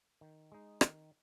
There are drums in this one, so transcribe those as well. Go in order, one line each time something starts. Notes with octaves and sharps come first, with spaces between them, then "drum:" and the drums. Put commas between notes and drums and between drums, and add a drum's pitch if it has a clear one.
D#3
G#3 D#4
D#3, drum: rim click